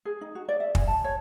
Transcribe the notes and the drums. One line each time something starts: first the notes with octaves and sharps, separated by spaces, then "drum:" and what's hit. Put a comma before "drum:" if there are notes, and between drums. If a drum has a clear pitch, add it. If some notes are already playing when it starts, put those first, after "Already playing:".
G#4
D#4
F#4
D5
E5
G#5, drum: kick
A5
C#5